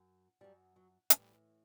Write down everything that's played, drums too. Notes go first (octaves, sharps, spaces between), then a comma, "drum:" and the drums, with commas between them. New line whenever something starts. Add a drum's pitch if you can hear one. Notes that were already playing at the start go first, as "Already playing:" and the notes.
Already playing: F#2
F#2 F#3 G3
F#3
A2 E3 G3, drum: hi-hat